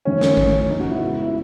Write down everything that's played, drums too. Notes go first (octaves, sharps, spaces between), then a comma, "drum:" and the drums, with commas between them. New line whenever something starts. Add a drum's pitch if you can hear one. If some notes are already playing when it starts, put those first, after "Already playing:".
F#2 D#3 A3 C#4
drum: snare
A2 E3 A3, drum: kick A1
C#4
F#2 C#3 E3 B3 D#4
F#4
E4
C#3 G#3 B3
E4